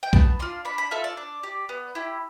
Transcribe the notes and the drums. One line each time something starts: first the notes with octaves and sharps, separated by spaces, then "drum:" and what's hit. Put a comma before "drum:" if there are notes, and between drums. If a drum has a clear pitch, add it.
G5
B3 A5, drum: kick
D4 F4 C6
D4 B5
B5
F4 A4 E5
D5
D4
G4
B3
E4 G4